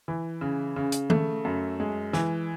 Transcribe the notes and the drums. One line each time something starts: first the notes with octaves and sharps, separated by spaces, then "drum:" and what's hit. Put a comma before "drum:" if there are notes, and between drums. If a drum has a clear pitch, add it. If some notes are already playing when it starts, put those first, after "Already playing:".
E3
C#3
C#3
drum: hi-hat
A3, drum: tom D#3
F#2
G#3
E3, drum: snare